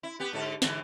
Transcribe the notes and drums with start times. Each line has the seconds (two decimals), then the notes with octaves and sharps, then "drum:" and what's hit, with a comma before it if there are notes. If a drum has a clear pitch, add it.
0.03 E4
0.20 B3 G4
0.33 G#2 D3 A4
0.62 G#2 D3 E3, drum: snare